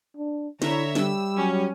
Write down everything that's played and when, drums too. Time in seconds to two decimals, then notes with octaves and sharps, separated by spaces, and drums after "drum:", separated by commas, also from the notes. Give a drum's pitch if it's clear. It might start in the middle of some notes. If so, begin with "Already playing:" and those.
0.17 D4
0.62 D3 E4 C#5 E5 A#5, drum: snare
0.95 G3 E6, drum: snare
1.37 F#3 C#4